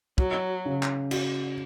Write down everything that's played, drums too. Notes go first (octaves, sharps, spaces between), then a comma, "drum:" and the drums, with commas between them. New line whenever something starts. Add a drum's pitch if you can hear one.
F#3 F#4, drum: kick
C#3
drum: clap
F#4, drum: cymbal